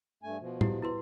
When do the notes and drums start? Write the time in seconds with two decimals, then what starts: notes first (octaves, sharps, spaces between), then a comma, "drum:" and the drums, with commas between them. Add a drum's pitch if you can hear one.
0.23 G2 A3 G#5
0.40 B2 F3
0.61 E4 G4, drum: tom
0.82 E4 B4 C6